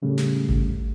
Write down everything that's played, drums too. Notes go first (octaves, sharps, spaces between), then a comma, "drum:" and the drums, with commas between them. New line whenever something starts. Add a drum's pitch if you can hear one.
A2 C#3 G3 A3
drum: snare
drum: kick G#1